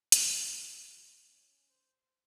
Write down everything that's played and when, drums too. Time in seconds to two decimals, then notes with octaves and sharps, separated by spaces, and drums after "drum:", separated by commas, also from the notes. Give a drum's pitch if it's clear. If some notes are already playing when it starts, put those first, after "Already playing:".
0.12 F#4, drum: hi-hat
0.90 F4
1.29 C#4
1.68 C5